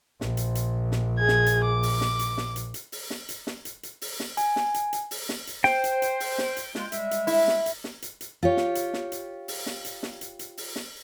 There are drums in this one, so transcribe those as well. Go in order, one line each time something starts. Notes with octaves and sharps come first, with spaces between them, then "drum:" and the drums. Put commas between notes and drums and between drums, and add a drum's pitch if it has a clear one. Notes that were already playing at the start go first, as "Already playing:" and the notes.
A#1, drum: snare
drum: hi-hat
drum: hi-hat
drum: snare
G#4 G#6
drum: snare
drum: hi-hat
D6
drum: open hi-hat
drum: snare
drum: hi-hat
drum: snare
drum: hi-hat
drum: hi-hat
drum: open hi-hat
drum: snare
drum: hi-hat
drum: snare
drum: hi-hat
drum: hi-hat
drum: open hi-hat
drum: snare
G#5, drum: hi-hat
drum: snare
drum: hi-hat
drum: hi-hat
drum: open hi-hat
drum: snare
drum: hi-hat
C5 G5, drum: snare
drum: hi-hat
drum: hi-hat
drum: open hi-hat
drum: snare
drum: hi-hat
G#3 F4, drum: snare
G3 G#3 E5, drum: hi-hat
drum: hi-hat
E4, drum: open hi-hat
drum: snare
drum: hi-hat
drum: snare
drum: hi-hat
drum: hi-hat
F4 G4 C#5
drum: snare
drum: hi-hat
drum: snare
drum: hi-hat
drum: open hi-hat
drum: snare
drum: hi-hat
drum: snare
drum: hi-hat
drum: hi-hat
drum: open hi-hat
drum: snare